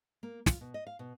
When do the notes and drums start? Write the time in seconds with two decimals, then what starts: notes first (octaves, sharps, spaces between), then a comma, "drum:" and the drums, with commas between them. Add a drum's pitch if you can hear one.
0.23 A#3
0.46 F4, drum: snare
0.61 B2
0.74 D#5
0.87 F5
0.99 B2